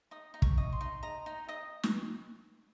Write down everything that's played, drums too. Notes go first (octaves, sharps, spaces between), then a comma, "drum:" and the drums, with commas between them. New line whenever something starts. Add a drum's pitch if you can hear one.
D#4 D#6
D#4
C#6, drum: kick
D#5
C6
D#4
D#5 A#5
D#4
D#5 D#6
drum: snare